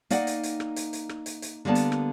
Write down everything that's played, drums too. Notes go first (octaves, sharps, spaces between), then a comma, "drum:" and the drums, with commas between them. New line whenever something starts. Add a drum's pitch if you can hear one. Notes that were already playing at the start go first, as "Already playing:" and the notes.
A#3 D#4 D5 F#5 G5, drum: hi-hat
drum: hi-hat
drum: hi-hat
drum: rim click
drum: hi-hat
drum: hi-hat
drum: rim click
drum: hi-hat
drum: hi-hat
D3 G3 A#3 B3 D5 A5
drum: hi-hat
drum: rim click